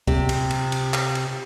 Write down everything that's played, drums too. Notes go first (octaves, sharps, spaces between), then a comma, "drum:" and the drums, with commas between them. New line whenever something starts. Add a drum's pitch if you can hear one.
C3, drum: kick C#2
drum: cymbal
drum: cymbal
drum: cymbal
drum: clap
drum: cymbal